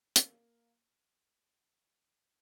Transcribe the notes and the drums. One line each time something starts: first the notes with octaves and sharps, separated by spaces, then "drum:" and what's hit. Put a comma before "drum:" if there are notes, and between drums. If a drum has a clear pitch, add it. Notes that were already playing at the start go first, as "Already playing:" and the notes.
A#3, drum: hi-hat